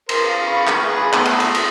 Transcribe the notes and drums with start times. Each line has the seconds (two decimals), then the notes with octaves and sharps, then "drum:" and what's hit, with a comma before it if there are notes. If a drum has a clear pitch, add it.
0.09 A#4 C5, drum: cymbal
0.27 F5
0.47 F5 B5 C#6
0.67 drum: clap
0.88 G#4 B4
1.13 A3 B3 D#6, drum: clap
1.25 drum: cymbal
1.40 drum: cymbal
1.55 drum: cymbal